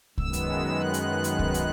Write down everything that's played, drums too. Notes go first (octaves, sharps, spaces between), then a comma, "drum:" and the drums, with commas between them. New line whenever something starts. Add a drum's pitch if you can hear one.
F#2 D#3 G#3 B3 E6, drum: kick C2
drum: hi-hat
F#6
drum: hi-hat
drum: hi-hat
drum: kick C2
drum: hi-hat